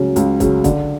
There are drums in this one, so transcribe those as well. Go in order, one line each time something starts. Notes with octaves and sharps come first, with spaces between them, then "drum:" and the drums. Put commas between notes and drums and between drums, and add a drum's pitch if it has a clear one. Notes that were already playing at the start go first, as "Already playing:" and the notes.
Already playing: C#2 C#3 F#3 C#4
C#2, drum: hi-hat
C#3 F#3 C#4, drum: kick, hi-hat
D3, drum: kick, hi-hat